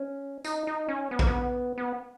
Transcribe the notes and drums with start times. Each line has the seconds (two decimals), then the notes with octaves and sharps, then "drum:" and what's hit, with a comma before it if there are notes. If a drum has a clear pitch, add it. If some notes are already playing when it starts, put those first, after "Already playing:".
Already playing: C#4
0.45 D#4, drum: tambourine
0.67 D#4
0.89 C#4
1.11 B3
1.19 A#3, drum: kick A#1
1.27 B3
1.78 B3